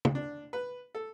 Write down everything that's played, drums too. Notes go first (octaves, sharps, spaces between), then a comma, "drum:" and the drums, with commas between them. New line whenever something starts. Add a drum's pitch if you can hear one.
drum: tom
D4
B4
A4